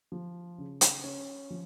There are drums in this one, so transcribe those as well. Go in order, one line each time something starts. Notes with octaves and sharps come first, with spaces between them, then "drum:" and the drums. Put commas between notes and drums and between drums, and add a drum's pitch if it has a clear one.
F3
C#3
drum: hi-hat
C#4
F3